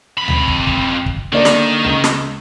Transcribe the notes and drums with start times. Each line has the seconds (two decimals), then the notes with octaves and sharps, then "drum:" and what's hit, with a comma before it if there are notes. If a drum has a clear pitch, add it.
0.17 F2 B5
0.28 drum: tom D2
0.47 drum: kick
0.67 drum: kick
1.06 drum: kick
1.32 D3 D#3 A#3 D5
1.45 drum: snare
1.84 C#2 E7
2.04 drum: snare